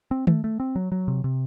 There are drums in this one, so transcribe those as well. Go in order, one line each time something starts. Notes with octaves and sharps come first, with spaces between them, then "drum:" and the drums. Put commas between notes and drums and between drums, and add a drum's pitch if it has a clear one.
C4
A3, drum: tom D#3
A3
C4
F#3
F#3
C3
C3